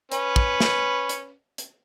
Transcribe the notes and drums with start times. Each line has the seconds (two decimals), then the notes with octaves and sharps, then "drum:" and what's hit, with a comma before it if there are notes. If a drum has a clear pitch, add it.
0.12 C#4 B4, drum: hi-hat
0.36 drum: kick
0.60 drum: snare
1.09 drum: hi-hat
1.58 drum: hi-hat